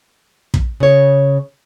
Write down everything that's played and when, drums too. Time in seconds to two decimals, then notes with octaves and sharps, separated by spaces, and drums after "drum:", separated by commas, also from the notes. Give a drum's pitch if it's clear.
0.54 drum: kick
0.80 C#3 C#5